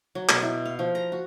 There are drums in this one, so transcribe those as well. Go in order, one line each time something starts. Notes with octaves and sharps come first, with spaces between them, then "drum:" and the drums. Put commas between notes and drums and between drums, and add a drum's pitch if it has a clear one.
F#3
B2, drum: clap
E4
F5
F3
A#5
F#4